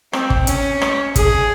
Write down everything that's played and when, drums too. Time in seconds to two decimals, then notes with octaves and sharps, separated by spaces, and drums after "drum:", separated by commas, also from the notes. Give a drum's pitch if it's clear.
0.13 C4, drum: rim click
0.30 drum: kick
0.47 C#4, drum: hi-hat
0.82 drum: rim click
1.16 G#4, drum: kick, hi-hat